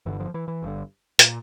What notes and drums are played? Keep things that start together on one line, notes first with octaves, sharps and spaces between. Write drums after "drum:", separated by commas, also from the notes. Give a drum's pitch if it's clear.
G1 G2 D3 E3
F3
E3
E3
G1 G2 D3
A#2, drum: hi-hat